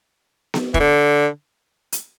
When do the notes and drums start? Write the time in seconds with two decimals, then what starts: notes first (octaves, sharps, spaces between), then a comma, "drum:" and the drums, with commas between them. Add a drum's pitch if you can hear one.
0.54 drum: snare B3
0.74 E3, drum: kick E1
0.80 D3
1.92 drum: hi-hat